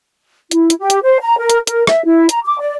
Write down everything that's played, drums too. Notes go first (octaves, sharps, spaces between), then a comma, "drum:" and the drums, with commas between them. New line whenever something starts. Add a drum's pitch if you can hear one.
E4, drum: hi-hat
drum: hi-hat
G4
drum: hi-hat
C5
A#5
A#4
drum: hi-hat
A#4, drum: hi-hat
E5, drum: rim click
E4
A#5, drum: hi-hat
D6
D5